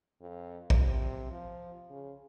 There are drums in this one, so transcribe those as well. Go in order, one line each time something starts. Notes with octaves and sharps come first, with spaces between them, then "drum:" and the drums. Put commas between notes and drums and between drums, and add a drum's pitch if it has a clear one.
F2
C3, drum: kick A#1
F3
C#3